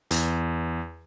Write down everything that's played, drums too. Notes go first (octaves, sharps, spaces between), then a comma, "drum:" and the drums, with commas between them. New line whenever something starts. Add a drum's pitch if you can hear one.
E2, drum: hi-hat